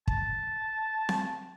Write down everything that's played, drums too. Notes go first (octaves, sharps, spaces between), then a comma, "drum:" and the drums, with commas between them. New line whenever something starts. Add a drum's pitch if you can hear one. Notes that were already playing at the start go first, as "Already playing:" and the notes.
A5, drum: kick
drum: snare C4